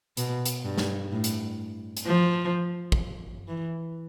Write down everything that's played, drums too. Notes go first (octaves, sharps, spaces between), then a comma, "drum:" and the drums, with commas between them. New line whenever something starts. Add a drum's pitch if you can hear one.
B2, drum: hi-hat
drum: hi-hat
G2
drum: snare
A2
drum: hi-hat
drum: hi-hat
F3
drum: kick
E3